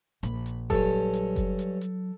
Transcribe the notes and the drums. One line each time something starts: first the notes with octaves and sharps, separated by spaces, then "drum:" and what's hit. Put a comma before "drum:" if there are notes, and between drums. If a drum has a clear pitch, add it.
A#1 B5, drum: hi-hat
drum: hi-hat
G2 F#3 C#4 A4, drum: kick F#1, hi-hat
drum: hi-hat
drum: kick F#1, hi-hat
drum: hi-hat
drum: hi-hat